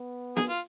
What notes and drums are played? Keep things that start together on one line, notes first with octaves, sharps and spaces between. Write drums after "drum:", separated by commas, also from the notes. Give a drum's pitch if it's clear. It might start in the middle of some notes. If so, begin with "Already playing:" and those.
Already playing: B3
G#4, drum: snare
F4